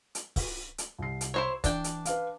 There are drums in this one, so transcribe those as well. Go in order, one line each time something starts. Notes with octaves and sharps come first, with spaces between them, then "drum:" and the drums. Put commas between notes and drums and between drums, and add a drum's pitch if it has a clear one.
drum: hi-hat
drum: kick C#1, open hi-hat
drum: hi-hat
C2 C7
drum: hi-hat
E4 C5 C#5
E3 D4 G5, drum: kick C#1, hi-hat
drum: hi-hat
B4 F5, drum: hi-hat